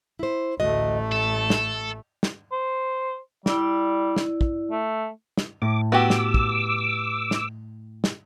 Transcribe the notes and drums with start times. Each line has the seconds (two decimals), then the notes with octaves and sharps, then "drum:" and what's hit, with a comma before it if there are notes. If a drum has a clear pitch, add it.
0.19 E4 C5
0.60 A1 D2 A3 F#4 D#5
1.12 A4 A5
1.50 drum: snare
2.23 drum: snare
2.52 C5
3.46 G3 E4 D5, drum: snare
4.17 drum: snare
4.41 drum: kick
4.71 A3
5.38 drum: snare
5.62 A2 D6
5.92 B3 F#4 G4 D6 E6
6.10 drum: snare
6.34 drum: kick
7.31 drum: snare
8.04 drum: snare